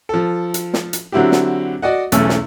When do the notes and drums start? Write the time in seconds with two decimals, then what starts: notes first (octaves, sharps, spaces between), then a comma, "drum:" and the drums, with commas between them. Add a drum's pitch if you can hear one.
0.09 F3 A4
0.54 drum: hi-hat
0.74 drum: snare
0.93 drum: hi-hat
1.12 D3 F#3 C4 E4 F#4 G4
1.32 drum: snare
1.82 F#4 D5 D#5 F#5
2.12 B1 E2 A3 C#4 E6, drum: hi-hat
2.29 drum: snare